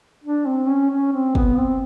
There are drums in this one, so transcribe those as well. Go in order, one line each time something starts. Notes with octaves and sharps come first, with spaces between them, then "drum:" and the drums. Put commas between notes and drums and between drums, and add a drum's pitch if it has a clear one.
D4
C4
C#4
C#4
C4
B3, drum: kick
C4